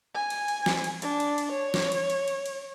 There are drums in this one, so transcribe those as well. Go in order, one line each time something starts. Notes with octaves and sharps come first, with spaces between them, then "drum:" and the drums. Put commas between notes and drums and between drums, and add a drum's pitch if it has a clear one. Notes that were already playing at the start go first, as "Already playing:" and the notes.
G#5
drum: cymbal
drum: cymbal
drum: snare
drum: cymbal
D4, drum: cymbal
drum: cymbal
drum: cymbal
C#5
drum: snare
drum: cymbal
drum: cymbal
drum: cymbal
drum: cymbal